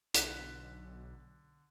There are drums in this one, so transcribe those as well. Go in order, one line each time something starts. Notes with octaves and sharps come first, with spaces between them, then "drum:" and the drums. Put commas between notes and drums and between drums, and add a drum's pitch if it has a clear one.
B1 D3 F#6 B6, drum: hi-hat